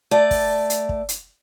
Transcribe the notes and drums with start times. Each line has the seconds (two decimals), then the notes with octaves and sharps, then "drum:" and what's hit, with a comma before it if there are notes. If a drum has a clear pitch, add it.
0.11 A3 D5
0.31 drum: kick, open hi-hat
0.70 drum: hi-hat
0.89 drum: kick
1.09 drum: hi-hat